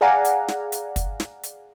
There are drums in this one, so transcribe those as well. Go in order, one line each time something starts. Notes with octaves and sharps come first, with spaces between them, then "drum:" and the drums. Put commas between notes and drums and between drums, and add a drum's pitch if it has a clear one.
G#4 D5 F5 F#5 G#5 A#5
drum: hi-hat
drum: snare
drum: hi-hat
drum: kick, hi-hat
drum: snare
drum: hi-hat